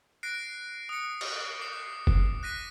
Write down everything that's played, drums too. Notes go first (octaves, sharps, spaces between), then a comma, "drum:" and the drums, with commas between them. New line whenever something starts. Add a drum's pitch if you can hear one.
F#6 A#6 C7 D7
D#6 C#7
drum: cymbal
D6 C7
drum: kick F#1
F#6 A#6 B6 D#7